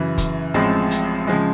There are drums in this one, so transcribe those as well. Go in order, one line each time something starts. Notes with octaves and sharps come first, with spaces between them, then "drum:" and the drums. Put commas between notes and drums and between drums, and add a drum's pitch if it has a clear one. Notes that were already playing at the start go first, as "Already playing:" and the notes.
Already playing: F#2 C#3 E3
drum: kick, hi-hat
A1 A2 F3 G#3 C4
drum: hi-hat
C#3 F3 G#3